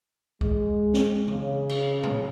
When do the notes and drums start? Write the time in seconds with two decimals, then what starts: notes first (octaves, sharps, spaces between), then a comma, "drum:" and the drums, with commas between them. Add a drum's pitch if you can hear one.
0.41 G#3, drum: kick C#2
0.94 drum: snare
1.28 C#3, drum: tom E3
1.69 drum: cymbal
2.03 drum: tom